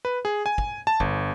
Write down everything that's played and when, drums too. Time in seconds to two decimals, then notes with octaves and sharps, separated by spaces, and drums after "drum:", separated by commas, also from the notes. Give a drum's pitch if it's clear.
0.05 B4
0.25 G#4
0.46 G#5
0.58 drum: kick
0.87 A5
1.00 G1, drum: kick